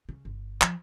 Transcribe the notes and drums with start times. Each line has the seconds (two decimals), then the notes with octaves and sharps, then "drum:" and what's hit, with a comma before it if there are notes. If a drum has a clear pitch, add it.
0.09 C#3
0.25 G1
0.62 F3, drum: clap